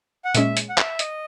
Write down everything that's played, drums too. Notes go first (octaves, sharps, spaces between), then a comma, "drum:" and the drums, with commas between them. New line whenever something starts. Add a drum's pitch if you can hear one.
F#5
A#2 G#3 C#4 E5, drum: hi-hat
drum: hi-hat
F#5
E5, drum: clap
D#5, drum: hi-hat